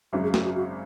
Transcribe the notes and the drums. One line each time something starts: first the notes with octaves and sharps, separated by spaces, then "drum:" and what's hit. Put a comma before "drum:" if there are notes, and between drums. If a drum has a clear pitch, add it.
G#1 F#2 C#3 F#3 F#4
G#4
F#4, drum: snare
F#4
F#4